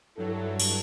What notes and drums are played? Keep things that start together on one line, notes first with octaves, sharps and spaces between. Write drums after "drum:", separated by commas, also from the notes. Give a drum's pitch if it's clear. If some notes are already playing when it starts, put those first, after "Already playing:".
G2 F#3 E4 A4
drum: open hi-hat